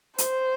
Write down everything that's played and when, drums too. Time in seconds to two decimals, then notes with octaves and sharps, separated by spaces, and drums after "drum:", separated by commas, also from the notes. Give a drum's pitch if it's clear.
0.18 C5, drum: hi-hat